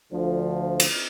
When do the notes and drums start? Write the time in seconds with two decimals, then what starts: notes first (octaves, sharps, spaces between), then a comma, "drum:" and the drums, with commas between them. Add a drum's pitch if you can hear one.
0.11 D2 D3 F3
0.80 drum: cymbal